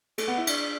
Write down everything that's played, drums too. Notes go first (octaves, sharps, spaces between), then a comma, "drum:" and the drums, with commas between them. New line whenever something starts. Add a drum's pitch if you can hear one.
A3, drum: cymbal
B3
E4
D4, drum: cymbal